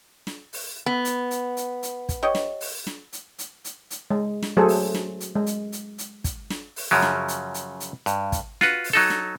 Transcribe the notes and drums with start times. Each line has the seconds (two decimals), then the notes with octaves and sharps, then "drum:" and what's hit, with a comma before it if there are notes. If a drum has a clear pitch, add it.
0.27 drum: snare
0.53 drum: open hi-hat
0.86 B3
1.05 drum: hi-hat
1.31 drum: hi-hat
1.57 drum: hi-hat
1.83 drum: hi-hat
2.09 drum: kick, hi-hat
2.23 G4 C#5 D#5
2.35 drum: snare
2.61 drum: open hi-hat
2.87 drum: snare
3.13 drum: hi-hat
3.39 drum: hi-hat
3.65 drum: hi-hat
3.91 drum: hi-hat
4.11 G#3
4.42 drum: snare
4.57 F#3 A3 G#4 A4 C5
4.68 drum: open hi-hat
4.94 drum: snare
5.20 drum: hi-hat
5.36 G#3
5.46 drum: hi-hat
5.72 drum: hi-hat
5.98 drum: hi-hat
6.24 drum: kick, hi-hat
6.50 drum: snare
6.76 drum: open hi-hat
6.91 F#2 C#3 F3 F#3
7.02 drum: snare
7.28 drum: hi-hat
7.54 drum: hi-hat
7.80 drum: hi-hat
8.06 G2, drum: hi-hat
8.32 drum: kick, hi-hat
8.61 F4 F#4 B4, drum: snare
8.84 drum: open hi-hat
8.93 F#3 D#4 A4
9.10 drum: snare